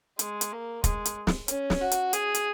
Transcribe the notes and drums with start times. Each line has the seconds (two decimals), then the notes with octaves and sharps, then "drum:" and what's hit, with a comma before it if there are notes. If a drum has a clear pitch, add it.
0.19 G#3, drum: hi-hat
0.41 drum: hi-hat
0.52 A#3
0.84 G#3, drum: kick, hi-hat
1.05 drum: hi-hat
1.27 drum: snare
1.48 C#4, drum: hi-hat
1.70 drum: snare
1.81 F#4
1.91 drum: hi-hat
2.13 G#4, drum: hi-hat
2.34 drum: hi-hat